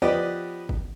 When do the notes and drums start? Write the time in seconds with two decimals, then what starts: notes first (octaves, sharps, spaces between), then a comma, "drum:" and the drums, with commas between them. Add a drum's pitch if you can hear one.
0.02 F3 B3 G4 B4 D5 D#5
0.69 drum: kick